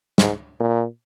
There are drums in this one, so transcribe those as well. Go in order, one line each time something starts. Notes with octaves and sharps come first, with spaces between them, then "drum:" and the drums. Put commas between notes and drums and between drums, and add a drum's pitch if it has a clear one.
G#2, drum: snare
A#2